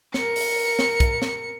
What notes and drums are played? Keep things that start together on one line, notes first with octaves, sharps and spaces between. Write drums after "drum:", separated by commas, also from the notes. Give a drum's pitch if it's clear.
A#4 C#7, drum: snare
drum: open hi-hat
drum: snare
drum: kick, hi-hat
drum: snare